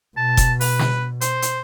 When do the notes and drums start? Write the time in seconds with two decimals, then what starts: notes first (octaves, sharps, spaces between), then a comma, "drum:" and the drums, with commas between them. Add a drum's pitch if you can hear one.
0.17 B2 A5
0.37 drum: kick F1, hi-hat
0.61 B4, drum: open hi-hat
0.79 drum: snare
1.21 C5, drum: hi-hat
1.42 drum: hi-hat